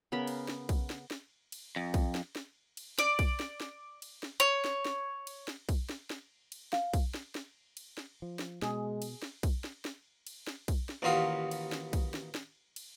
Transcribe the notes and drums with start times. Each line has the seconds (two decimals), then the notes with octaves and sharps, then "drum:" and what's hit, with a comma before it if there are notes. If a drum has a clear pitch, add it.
0.12 C#3 B3 A#4 B5
0.27 drum: cymbal
0.48 drum: snare
0.69 drum: kick B1, cymbal
0.90 drum: snare
1.11 drum: snare
1.52 drum: cymbal
1.76 F2
1.94 drum: kick B1, cymbal
2.15 drum: snare
2.36 drum: snare
2.77 drum: cymbal
2.98 D5, drum: snare
3.19 drum: kick B1, cymbal
3.40 drum: snare
3.60 drum: snare
4.02 drum: cymbal
4.23 drum: snare
4.40 C#5
4.65 drum: snare
4.85 drum: snare
5.27 drum: cymbal
5.48 drum: snare
5.69 drum: kick B1, cymbal
5.89 drum: snare
6.10 drum: snare
6.52 drum: cymbal
6.73 F5, drum: snare
6.94 drum: kick B1, cymbal
7.14 drum: snare
7.35 drum: snare
7.77 drum: cymbal
7.98 drum: snare
8.22 F3
8.39 drum: snare
8.62 B2 G#3 G#4, drum: snare
9.02 drum: cymbal
9.22 drum: snare
9.43 drum: kick B1, cymbal
9.64 drum: snare
9.85 drum: snare
10.27 drum: cymbal
10.47 drum: snare
10.68 drum: kick B1, cymbal
10.89 drum: snare
11.02 A1 D#2 F4 F#4 D#6
11.51 drum: cymbal
11.72 drum: snare
11.93 drum: kick B1, cymbal
12.14 drum: snare
12.35 drum: snare
12.76 drum: cymbal